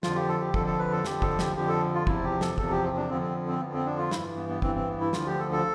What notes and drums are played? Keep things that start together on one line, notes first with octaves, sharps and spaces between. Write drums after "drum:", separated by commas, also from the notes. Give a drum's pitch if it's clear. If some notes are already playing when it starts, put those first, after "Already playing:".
F2 D3 F3 F4, drum: snare
G4
A4
G4
F2 D3 F3 A4, drum: kick
A4
B4
A4
F2 D3 F3 G4, drum: snare
A4, drum: kick
G4, drum: snare
F2 D3 F3 G4
A4
F4
E2 C3 F3 E4, drum: kick
G4
A4, drum: snare
E2 C3 F3 A4, drum: kick
G4
C4
D4
F2 D3 F3 C4
C4
C4
F2 D3 F3 B3
C4
D4
F4
G2 E3 E4, drum: snare
B3
B3
G2 E3 C4, drum: kick
C4
B3
E4
D2 D3 F3 F4, drum: snare
G4
A4
A4